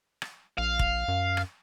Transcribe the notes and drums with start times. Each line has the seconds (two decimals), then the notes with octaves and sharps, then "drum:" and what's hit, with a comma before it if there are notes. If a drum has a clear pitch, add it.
0.22 drum: rim click
0.58 A#1 F5
0.79 drum: kick F1
1.08 F#2
1.37 drum: rim click